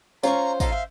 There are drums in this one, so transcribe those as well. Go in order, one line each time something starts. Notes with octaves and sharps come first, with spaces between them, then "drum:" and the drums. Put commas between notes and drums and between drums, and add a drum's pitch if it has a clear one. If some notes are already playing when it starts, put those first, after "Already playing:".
C#4 F4 C5 A#5 C#6, drum: tambourine
D#4 F4 A4 F5, drum: kick, tambourine
C5 E5